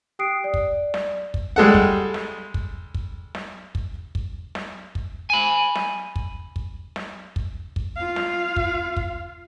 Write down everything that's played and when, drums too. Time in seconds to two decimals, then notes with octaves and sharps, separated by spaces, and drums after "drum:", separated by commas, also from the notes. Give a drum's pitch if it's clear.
0.19 G4 G5 D#6 F#6 C7 D7
0.44 D5
0.54 drum: kick
0.94 drum: snare
1.34 drum: kick
1.56 G3 G#3 A4 F#5
1.74 drum: kick
2.14 drum: snare
2.54 drum: kick
2.94 drum: kick
3.35 drum: snare
3.75 drum: kick
4.15 drum: kick
4.55 drum: snare
4.95 drum: kick
5.30 G#5 B5
5.75 drum: snare
6.16 drum: kick
6.56 drum: kick
6.96 drum: snare
7.36 drum: kick
7.76 drum: kick
7.96 F4 F5
8.16 drum: snare
8.56 drum: kick
8.97 drum: kick